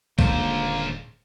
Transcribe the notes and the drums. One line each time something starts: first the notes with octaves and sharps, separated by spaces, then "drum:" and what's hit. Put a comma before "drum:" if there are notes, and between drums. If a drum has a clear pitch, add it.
D#1 A#2 D3 G#3 A#3 C5, drum: kick